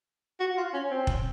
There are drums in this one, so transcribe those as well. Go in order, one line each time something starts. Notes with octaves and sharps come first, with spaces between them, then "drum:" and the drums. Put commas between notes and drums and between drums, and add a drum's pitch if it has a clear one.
F#4
F4
C#4
C4
drum: kick F1